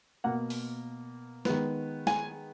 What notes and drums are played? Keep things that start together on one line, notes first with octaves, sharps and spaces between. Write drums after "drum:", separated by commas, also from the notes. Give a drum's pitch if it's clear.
B2 A#3 F#5
drum: open hi-hat
D#3 G#3 B3, drum: snare
G#5, drum: snare